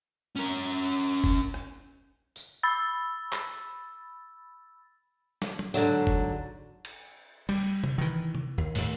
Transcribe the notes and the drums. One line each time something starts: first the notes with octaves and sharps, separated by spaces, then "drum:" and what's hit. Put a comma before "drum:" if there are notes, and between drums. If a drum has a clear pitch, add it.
C#4 A#4
drum: kick
drum: rim click
drum: tambourine
B5 E6 A6
drum: clap
drum: snare
drum: tom
G#2 D3 F3 F#3, drum: tambourine
drum: kick
drum: cymbal
G3, drum: cymbal
drum: tom C3
D#3 E3
drum: tom
D#2
D#2 A2, drum: open hi-hat